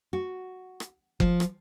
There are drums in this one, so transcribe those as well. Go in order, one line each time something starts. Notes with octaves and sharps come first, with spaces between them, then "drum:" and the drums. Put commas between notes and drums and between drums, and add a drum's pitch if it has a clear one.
F#4
drum: rim click
F3, drum: kick F#1
drum: rim click